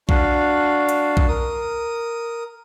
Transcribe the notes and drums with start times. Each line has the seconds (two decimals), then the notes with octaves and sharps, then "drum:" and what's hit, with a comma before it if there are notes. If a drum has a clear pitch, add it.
0.09 D4 F#4 F5, drum: kick B1
0.89 drum: hi-hat
1.17 drum: kick B1
1.28 A#4 D#6